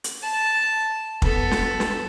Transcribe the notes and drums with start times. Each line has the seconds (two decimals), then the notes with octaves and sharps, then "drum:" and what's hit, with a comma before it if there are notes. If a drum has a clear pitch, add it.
0.04 drum: hi-hat
0.23 A5
1.22 B3 A4, drum: kick
1.51 drum: snare
1.80 drum: snare